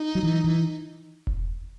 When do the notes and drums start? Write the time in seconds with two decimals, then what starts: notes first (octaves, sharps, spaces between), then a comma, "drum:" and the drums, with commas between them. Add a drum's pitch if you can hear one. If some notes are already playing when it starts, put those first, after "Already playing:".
Already playing: D#4
0.15 F#3
0.23 E3
0.44 E3
1.27 drum: kick E1